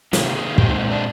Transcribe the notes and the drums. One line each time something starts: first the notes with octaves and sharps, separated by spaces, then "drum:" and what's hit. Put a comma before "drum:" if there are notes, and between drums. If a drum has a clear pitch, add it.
C3 D#3 A#3 G4, drum: snare
G#4
A#2 G#3 C4 G4, drum: kick
D#4
D4